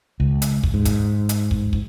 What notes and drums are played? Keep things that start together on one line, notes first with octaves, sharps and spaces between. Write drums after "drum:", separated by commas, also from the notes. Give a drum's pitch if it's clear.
C#2
drum: hi-hat
drum: kick
G#2
drum: kick, hi-hat
drum: hi-hat
drum: kick
drum: kick